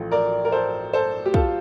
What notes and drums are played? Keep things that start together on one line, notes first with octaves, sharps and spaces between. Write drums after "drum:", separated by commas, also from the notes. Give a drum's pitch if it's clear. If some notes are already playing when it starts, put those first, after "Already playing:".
Already playing: A1 A2 F3
A#4 D5
A#4
A4 C5
A4 C5
G4
F4 A4, drum: kick